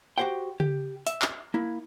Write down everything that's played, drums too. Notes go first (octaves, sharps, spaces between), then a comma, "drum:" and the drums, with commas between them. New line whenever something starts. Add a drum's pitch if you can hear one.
F#4 G4 C5 F#5 G5
G4, drum: tom C#3
E5, drum: hi-hat
drum: clap
A#3 E4